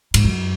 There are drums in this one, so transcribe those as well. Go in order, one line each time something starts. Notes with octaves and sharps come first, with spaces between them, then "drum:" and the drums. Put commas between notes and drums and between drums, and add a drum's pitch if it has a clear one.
G#2, drum: cymbal
F#2